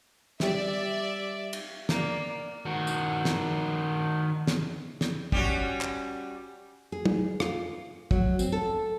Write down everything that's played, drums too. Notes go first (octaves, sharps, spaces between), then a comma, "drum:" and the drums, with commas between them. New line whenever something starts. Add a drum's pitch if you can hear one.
G3 G4 D5 E5, drum: snare
drum: cymbal
A#3 D5, drum: snare
D#3 F#4
drum: tambourine
drum: snare
drum: snare
drum: snare
G3 C#4 F#4, drum: kick
drum: clap
G#4
drum: tom
F4, drum: rim click
F#3, drum: kick
C4, drum: tambourine
A4